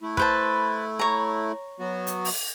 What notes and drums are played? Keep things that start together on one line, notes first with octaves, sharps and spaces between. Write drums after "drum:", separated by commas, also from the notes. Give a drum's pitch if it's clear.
A3 E4
B4 C5 A5, drum: kick
C#5 A#5
F#3 B3 F#4
drum: hi-hat
drum: open hi-hat